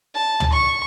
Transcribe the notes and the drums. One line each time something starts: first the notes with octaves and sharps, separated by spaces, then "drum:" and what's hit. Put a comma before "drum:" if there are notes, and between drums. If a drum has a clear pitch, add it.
A5
drum: tom
C#6